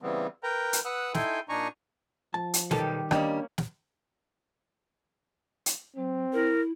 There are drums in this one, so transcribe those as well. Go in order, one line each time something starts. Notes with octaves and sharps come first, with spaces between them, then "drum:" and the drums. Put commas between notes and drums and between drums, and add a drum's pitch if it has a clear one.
C#3 E3 G3 B3 C4
A#4 B4 G5 A#5
drum: hi-hat
B4 F#5 D#6 E6 F#6
D#4 E4 A4 G5 G#5 C6, drum: snare
A#2 D4 D#4 G#5 A#5 C#6
F3 A5
drum: hi-hat
B1 D#3 G3 G4 A4 A5, drum: snare
D#3 G3 A#3 C#4 D4 D#5, drum: rim click
drum: snare
drum: hi-hat
F#3 C4
E4 A#4